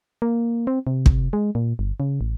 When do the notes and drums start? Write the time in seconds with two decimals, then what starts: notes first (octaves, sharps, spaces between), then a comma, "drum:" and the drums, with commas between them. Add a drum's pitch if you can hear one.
0.22 A#3
0.67 C4
0.87 C3
1.06 drum: kick
1.33 G#3
1.55 A#2
1.79 G1
2.00 C#3
2.21 A1